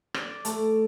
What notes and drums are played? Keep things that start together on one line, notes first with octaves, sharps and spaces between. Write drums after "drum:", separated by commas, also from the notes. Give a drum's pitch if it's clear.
D5, drum: rim click
A3, drum: hi-hat